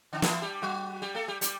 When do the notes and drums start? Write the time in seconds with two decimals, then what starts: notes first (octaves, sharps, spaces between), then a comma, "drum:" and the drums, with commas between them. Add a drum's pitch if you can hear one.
0.13 D3 D4
0.22 E3 E4, drum: snare
0.42 G3 G4
0.62 F#3 F#4
1.02 G3 G4
1.15 A3 A4
1.28 G3 G4
1.41 G3 G4, drum: hi-hat